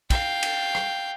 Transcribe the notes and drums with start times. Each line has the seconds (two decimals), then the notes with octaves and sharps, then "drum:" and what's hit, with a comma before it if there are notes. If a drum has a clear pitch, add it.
0.10 F5 G5, drum: kick, cymbal
0.43 drum: cymbal
0.75 drum: rim click